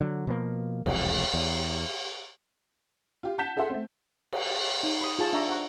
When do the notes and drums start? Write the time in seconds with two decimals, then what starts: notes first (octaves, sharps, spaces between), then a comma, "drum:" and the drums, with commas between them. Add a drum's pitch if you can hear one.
0.01 D3 F#3
0.27 B2 F3 A#3
0.86 E1 C2 F2, drum: cymbal
1.34 E2
3.23 F4 G4 F5
3.38 F#5 A5 G6 B6 E7
3.56 F4 G#4 A4 E5 F#5 C6
3.70 A3 C4
4.33 drum: cymbal
4.83 D#4
5.01 B5 D#6
5.19 F4 G#4 A5 C#6
5.33 D4 D5 E5 A#5 C#6
5.48 C5 F#5 A#5 C#6